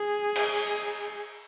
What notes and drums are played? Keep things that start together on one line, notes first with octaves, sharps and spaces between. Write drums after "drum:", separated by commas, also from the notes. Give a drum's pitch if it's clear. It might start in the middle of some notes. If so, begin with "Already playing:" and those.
Already playing: G#4
drum: cymbal